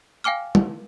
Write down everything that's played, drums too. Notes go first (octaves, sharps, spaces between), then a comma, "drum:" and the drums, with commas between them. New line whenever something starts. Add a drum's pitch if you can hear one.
F5 G5 G#5 D6 F6
drum: tom G3